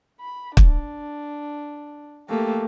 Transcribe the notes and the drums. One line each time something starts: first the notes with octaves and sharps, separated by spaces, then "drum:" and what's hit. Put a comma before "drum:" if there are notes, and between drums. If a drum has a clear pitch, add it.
B5
D4, drum: kick
A3 A#3 G4